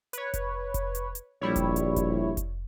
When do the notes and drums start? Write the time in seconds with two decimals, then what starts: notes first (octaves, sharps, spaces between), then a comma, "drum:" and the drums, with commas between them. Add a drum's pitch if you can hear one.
0.13 B4 C#5, drum: hi-hat
0.34 drum: kick F1, hi-hat
0.74 drum: kick F1, hi-hat
0.95 drum: hi-hat
1.15 drum: hi-hat
1.41 A#1 G3 E4 C#5
1.56 drum: kick F1, hi-hat
1.76 drum: hi-hat
1.96 drum: kick F1, hi-hat
2.37 drum: kick F1, hi-hat